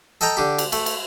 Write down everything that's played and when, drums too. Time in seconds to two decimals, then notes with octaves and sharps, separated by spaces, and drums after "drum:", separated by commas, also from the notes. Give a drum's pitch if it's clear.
0.21 A4 D#5 G5 A5 A#5
0.37 D3 G4
0.58 drum: cymbal
0.72 A3, drum: cymbal
0.86 drum: cymbal